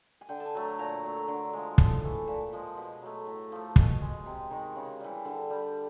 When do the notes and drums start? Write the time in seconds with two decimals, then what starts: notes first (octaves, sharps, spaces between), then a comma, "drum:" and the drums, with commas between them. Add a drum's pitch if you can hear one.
0.21 G#5
0.29 D3 G5
0.40 A5
0.46 G#5
0.55 F#3 A3
0.62 A#5
0.79 A#2 A#5
1.04 F#3 A3
1.28 D3
1.53 F3 G#3
1.78 A2 A5, drum: kick
2.03 E3 A3
2.27 A#2 A5
2.53 F3 G#3
2.77 B2
3.02 F#3 A3
3.27 A2
3.52 F3 A3
3.76 B2 G#5, drum: kick
4.01 G#3
4.26 C3
4.51 D#3 G#3
4.76 C#3
5.00 E3 G3
5.25 D3 A5
5.50 G3 B5